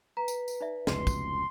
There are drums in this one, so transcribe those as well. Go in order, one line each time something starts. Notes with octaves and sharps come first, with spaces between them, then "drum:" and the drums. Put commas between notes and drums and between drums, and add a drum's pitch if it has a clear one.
B4 A#5
drum: tambourine
drum: tambourine
D#4 D5 E5
F1 C#2 B2 C6, drum: snare
drum: kick, tambourine